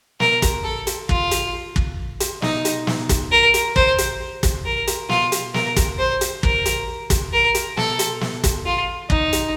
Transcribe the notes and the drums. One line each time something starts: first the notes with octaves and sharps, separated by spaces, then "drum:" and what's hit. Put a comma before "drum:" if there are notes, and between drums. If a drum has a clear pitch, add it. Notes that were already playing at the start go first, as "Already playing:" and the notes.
A#4, drum: snare
drum: kick, hi-hat
A4
drum: hi-hat
F4, drum: kick
drum: hi-hat
drum: kick
drum: hi-hat
D#4, drum: snare
drum: hi-hat
drum: snare
drum: kick, hi-hat
A#4
drum: hi-hat
C5, drum: kick
drum: hi-hat
drum: kick, hi-hat
A#4
drum: hi-hat
F4, drum: snare
drum: hi-hat
A#4, drum: snare
drum: kick, hi-hat
C5
drum: hi-hat
A#4, drum: kick
drum: hi-hat
drum: kick, hi-hat
A#4
drum: hi-hat
A4, drum: snare
drum: hi-hat
drum: snare
drum: kick, hi-hat
F4
D#4, drum: kick
drum: hi-hat